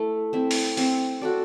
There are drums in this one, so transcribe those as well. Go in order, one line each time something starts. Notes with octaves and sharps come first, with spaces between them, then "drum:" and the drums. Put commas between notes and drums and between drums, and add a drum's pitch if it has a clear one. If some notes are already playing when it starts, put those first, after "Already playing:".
Already playing: A3 E4
C4 E4
drum: open hi-hat
C4, drum: open hi-hat
F#4 A4 D5